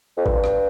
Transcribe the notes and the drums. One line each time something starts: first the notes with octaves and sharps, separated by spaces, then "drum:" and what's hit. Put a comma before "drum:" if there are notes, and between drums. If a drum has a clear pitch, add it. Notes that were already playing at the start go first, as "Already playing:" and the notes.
F2
G2, drum: kick A1
drum: rim click